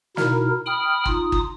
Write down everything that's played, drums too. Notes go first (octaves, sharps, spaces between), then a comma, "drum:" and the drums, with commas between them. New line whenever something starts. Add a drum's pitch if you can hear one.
B2 D#4 E4 A#4, drum: snare
G5 B5 D#6 F6
D#4 F4 D#6, drum: kick
drum: kick